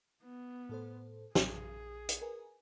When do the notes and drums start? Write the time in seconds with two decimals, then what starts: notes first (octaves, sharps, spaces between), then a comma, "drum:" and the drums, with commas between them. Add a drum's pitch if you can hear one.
0.24 B3
0.69 A2 A4 C5
1.35 A#1 G#4, drum: snare
2.09 drum: hi-hat
2.21 A#4 B4 G#5